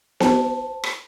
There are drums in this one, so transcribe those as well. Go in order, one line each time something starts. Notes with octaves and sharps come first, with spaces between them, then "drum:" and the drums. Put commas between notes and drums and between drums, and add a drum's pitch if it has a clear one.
C5 A5, drum: snare B3
drum: rim click